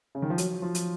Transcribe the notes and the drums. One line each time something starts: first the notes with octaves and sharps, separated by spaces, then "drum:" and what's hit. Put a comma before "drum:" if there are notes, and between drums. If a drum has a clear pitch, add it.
C#3
D#3
F3
F#3, drum: hi-hat
F3
drum: hi-hat